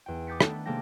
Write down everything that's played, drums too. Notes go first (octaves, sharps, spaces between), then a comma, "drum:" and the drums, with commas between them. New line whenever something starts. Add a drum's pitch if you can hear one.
E2 G5
D6 D#6 G6 A6 B6 C#7
D#3 A3 B3 D4, drum: rim click
C3 G#3 A#3 A4 G5 A#6